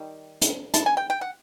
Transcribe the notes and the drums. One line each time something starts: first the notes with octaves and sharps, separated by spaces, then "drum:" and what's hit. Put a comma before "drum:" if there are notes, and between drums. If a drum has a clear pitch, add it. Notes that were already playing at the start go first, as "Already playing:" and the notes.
Already playing: D#3 G3
drum: hi-hat
A5, drum: hi-hat
G#5
G5
G5
F#5